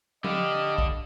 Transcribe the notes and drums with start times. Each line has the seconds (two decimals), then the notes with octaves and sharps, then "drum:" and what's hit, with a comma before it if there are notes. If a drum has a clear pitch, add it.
0.24 D3 D4 G4 D#5 F5 B5, drum: tom F3
0.78 drum: kick A#1